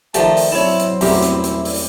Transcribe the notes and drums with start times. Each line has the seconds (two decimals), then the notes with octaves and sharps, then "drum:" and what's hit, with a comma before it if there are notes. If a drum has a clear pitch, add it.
0.14 D#3 F3 A3 G4 D5 G5 A5, drum: hi-hat
0.37 drum: open hi-hat
0.52 F#3 C4 E4 C#5 D5 A5
0.80 drum: hi-hat
1.01 A1 E2 G3 E4 F#4 G4 A#4, drum: open hi-hat
1.22 drum: hi-hat
1.44 drum: hi-hat
1.65 drum: open hi-hat